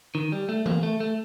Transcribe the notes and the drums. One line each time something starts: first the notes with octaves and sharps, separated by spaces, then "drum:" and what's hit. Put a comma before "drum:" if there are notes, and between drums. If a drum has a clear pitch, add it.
D#3
G3
A3
A#3, drum: tom E3
A3
A3